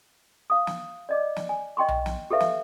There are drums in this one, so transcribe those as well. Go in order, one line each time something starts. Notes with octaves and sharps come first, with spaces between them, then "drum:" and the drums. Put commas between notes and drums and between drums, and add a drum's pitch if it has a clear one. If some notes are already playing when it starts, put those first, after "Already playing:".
F5 D#6
drum: snare
D5 D#5 D6
drum: snare
G#5
D#5 G5 C6 C#6
drum: tom B1
drum: snare
G4 A4 B4 E5 F5
drum: snare